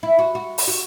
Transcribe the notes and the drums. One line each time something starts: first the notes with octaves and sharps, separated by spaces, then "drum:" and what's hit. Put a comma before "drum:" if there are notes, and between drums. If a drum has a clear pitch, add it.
E4
F#4
F#4
drum: open hi-hat
F#4